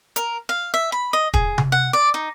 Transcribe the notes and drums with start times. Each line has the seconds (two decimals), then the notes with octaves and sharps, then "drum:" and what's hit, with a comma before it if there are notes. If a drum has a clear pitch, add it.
0.16 A#4, drum: hi-hat
0.49 F5
0.74 E5
0.92 B5
1.13 D#5
1.34 G#4, drum: kick
1.58 drum: tom C3
1.72 F#5
1.93 D5
2.14 D#4